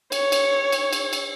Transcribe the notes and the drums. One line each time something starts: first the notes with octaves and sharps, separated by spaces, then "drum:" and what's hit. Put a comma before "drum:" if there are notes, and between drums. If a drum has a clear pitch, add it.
C#5, drum: cymbal
drum: cymbal
drum: cymbal
drum: cymbal
drum: cymbal